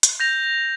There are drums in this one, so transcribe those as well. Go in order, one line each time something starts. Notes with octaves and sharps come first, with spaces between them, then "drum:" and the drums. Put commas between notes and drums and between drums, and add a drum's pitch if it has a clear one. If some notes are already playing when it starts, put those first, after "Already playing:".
drum: hi-hat
G6 A#6 F7